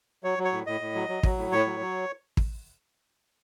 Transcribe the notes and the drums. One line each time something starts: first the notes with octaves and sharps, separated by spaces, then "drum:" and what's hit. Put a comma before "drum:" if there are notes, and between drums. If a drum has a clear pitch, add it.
F#3 C#5
F#3
C#5
A2
A2 D#5
A2
F#3
F#3
F#3, drum: kick
A2
A2 C#5
F#3
F#3
drum: kick